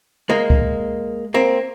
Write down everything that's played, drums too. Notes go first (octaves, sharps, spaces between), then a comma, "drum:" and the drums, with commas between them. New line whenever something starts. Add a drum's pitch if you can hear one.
G#3 A#3
drum: kick C#2
A#3 C4